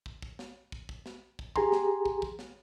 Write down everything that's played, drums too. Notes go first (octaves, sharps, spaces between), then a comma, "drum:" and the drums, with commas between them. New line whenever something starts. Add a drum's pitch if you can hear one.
drum: kick
drum: kick
drum: snare
drum: kick
drum: kick
drum: snare
drum: kick
G4 G#4 G#5 A#5 C6, drum: kick
drum: snare
drum: kick
drum: kick
drum: snare